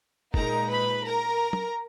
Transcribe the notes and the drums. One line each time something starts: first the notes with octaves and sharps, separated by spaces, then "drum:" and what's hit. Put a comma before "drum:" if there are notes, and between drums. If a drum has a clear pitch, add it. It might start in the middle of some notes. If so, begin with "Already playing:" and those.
A#2 G#3 D#4 A#4 A#5, drum: kick F#1
B4 B5
A#4 A#5
drum: tom